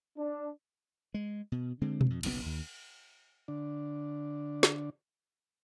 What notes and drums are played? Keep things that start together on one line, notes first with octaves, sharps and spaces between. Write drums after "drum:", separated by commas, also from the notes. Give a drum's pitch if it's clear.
D4
G#3
B2
D3 G#3 C4
drum: tom B2
F2
F#1 B1 A#2 B3, drum: cymbal
D#2
D3 D4
drum: snare